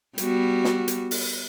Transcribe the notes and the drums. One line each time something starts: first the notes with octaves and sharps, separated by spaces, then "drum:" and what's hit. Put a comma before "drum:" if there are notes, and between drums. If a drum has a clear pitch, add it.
G3 B3 F#4, drum: hi-hat
drum: snare
drum: hi-hat
drum: open hi-hat